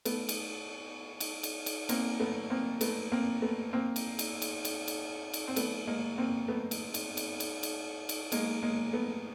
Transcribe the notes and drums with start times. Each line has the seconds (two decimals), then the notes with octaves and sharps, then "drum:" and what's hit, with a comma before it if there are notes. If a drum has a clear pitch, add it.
0.05 A3 B3, drum: cymbal
0.29 drum: cymbal
1.20 drum: cymbal
1.43 drum: cymbal
1.66 drum: cymbal
1.89 A#3 C4, drum: cymbal
2.20 A3 B3
2.50 A#3 C4
2.81 A3 B3, drum: cymbal
3.12 A#3 C4
3.42 A3 B3
3.73 A#3 C4
3.96 drum: cymbal
4.19 drum: cymbal
4.42 drum: cymbal
4.65 drum: cymbal
4.88 drum: cymbal
5.34 drum: cymbal
5.48 C4
5.56 A3 B3, drum: cymbal
5.87 G#3 A#3
6.18 A#3 C4
6.48 A3 B3
6.71 drum: cymbal
6.94 drum: cymbal
7.17 drum: cymbal
7.40 drum: cymbal
7.63 drum: cymbal
8.09 drum: cymbal
8.32 G#3 A#3, drum: cymbal
8.62 G#3 A#3
8.93 A3 B3